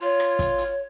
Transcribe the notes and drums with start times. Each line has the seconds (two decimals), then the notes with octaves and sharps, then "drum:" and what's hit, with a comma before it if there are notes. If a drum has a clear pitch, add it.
0.01 F4 C#5
0.20 drum: rim click
0.39 drum: kick, hi-hat
0.58 drum: hi-hat